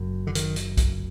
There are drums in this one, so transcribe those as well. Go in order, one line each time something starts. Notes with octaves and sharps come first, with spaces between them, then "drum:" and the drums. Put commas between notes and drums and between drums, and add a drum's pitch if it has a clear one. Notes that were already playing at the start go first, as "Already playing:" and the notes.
Already playing: F#1 F#2
D3
D#3, drum: hi-hat
drum: hi-hat
drum: kick B1, hi-hat